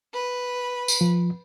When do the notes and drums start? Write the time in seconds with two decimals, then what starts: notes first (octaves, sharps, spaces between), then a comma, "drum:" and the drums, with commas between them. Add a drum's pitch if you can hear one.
0.14 B4
0.88 drum: tambourine
1.01 F3